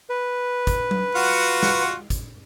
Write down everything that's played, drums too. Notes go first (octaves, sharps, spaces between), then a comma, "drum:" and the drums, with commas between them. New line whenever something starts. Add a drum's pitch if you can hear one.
B4
drum: kick, hi-hat
drum: tom F#3
F4 F#4 F#5
drum: snare
drum: kick, hi-hat